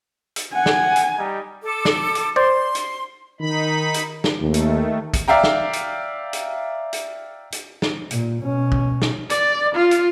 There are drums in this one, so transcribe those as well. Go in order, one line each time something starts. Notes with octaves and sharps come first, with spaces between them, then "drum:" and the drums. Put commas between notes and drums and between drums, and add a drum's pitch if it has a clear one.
drum: hi-hat
F#5 G#5
drum: snare
drum: hi-hat
G3 D#4
A4 D6
drum: snare
drum: hi-hat
C5 D5 C6
drum: hi-hat
D#3 D#4 B5
drum: hi-hat
drum: snare
D#2 D#3 A3
drum: hi-hat
drum: kick, hi-hat
D5 E5 F5 G5 A#5
drum: snare
drum: hi-hat
drum: hi-hat
drum: hi-hat
drum: hi-hat
drum: snare
A#2, drum: hi-hat
B2 C#4
drum: kick
drum: snare
D5, drum: hi-hat
F4
drum: hi-hat